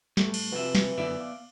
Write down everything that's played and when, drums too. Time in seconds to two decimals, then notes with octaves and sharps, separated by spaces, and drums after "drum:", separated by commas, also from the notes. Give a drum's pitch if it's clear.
0.17 A2 G3 A3 B3, drum: snare
0.34 drum: cymbal
0.52 F2 C3 E3 F4 F#4 E5
0.75 drum: snare
0.98 F#2 D3 B3 E4 D5 E5
1.20 F5 D6